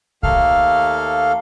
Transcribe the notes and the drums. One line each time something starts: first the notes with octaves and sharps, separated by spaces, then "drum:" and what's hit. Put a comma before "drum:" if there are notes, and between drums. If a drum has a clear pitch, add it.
D#2 A3 A#3 A4 F5 F6, drum: kick B1